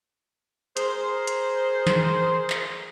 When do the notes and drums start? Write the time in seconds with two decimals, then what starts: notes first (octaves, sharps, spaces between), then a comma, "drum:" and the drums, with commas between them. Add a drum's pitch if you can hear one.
0.77 G#4 A#4 C5, drum: hi-hat
1.27 drum: hi-hat
1.87 drum: snare
2.50 drum: clap